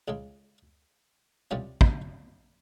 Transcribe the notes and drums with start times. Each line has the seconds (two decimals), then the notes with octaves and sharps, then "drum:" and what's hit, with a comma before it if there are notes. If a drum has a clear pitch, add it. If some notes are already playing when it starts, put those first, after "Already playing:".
0.08 C#2 C#3 G#3
1.51 C2 C3 G3 C#4 F4
1.81 drum: kick